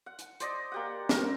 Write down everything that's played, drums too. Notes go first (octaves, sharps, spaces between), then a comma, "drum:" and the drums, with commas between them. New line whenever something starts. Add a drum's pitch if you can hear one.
F#5
drum: hi-hat
C5 D5 D#5, drum: hi-hat
A#3 G4 F#5
A3 A#4, drum: snare